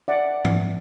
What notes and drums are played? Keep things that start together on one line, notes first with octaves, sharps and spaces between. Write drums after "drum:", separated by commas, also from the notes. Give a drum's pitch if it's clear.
D5 E5 F#5
drum: tom G#2